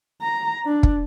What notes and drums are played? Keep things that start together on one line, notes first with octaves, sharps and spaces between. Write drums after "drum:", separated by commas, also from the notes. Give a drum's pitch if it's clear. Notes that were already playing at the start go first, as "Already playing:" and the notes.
A#5
D4
drum: kick